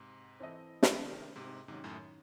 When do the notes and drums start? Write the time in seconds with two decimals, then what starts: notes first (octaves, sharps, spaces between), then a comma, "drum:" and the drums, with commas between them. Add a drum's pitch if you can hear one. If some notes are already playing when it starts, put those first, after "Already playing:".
Already playing: G#2 C3
0.40 E3 C4 E4 A4 D#5
0.83 drum: snare
1.04 C3 D#3
1.36 G#2 C3
1.68 G#2 C3 D#3 F#3 C#4
1.84 F#2 A2